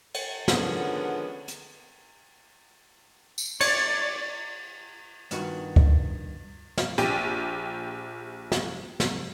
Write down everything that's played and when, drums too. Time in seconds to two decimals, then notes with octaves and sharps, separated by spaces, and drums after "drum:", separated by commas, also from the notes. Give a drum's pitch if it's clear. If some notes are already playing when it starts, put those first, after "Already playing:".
0.14 drum: cymbal
0.48 D3 D#3 F3 G#3 B3 C#4, drum: snare
1.48 drum: hi-hat
3.38 drum: tambourine
3.61 C#5 D5 A6, drum: cymbal
5.31 G2 D#3 B3 F4 F#4, drum: hi-hat
5.76 drum: kick C#2
6.78 drum: snare
6.98 A#1 G4, drum: hi-hat
8.52 drum: snare
9.00 drum: snare